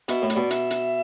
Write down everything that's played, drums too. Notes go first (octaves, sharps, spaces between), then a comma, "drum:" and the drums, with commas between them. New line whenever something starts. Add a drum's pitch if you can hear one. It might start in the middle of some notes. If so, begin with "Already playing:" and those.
B2 E5, drum: hi-hat
A2
E5, drum: hi-hat
B2 D5
E5, drum: hi-hat
drum: hi-hat